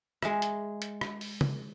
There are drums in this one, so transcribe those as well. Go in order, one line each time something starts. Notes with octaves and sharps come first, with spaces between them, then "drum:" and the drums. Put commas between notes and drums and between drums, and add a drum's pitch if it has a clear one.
G#3 E5, drum: rim click
drum: hi-hat
drum: hi-hat
drum: rim click
drum: open hi-hat
drum: tom C#3